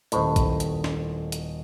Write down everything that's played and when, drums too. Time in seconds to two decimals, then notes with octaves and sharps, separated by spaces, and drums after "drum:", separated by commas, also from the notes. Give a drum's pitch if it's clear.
0.12 D#1 A2 C5 D#5, drum: hi-hat
0.36 drum: kick A1, hi-hat
0.60 drum: hi-hat
0.84 drum: snare
1.32 drum: hi-hat